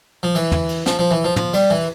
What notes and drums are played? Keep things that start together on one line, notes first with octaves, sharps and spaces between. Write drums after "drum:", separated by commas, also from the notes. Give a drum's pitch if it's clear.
F3
E3, drum: cymbal
drum: tom
drum: cymbal
F3, drum: snare
F3
E3
F3
F3, drum: tom
G3, drum: cymbal
E3